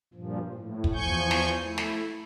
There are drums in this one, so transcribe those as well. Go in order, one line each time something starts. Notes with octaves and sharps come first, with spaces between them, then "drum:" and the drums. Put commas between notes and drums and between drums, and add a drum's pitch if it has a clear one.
G2 A#2 F3
A2
drum: kick
E2 F3 G#5 C#6 G6
drum: snare
A3 E4
drum: snare